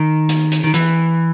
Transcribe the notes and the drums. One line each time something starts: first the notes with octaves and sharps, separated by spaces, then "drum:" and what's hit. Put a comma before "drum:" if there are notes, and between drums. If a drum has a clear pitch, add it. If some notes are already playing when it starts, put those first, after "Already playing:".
Already playing: D#3
drum: hi-hat
drum: hi-hat
D#3
E3, drum: hi-hat